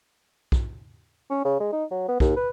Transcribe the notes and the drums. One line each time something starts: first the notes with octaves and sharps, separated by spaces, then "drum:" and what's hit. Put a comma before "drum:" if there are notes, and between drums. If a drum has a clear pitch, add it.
drum: kick
C#4
C#3
G#3
D#4
F#3
B3
D#2, drum: kick
B4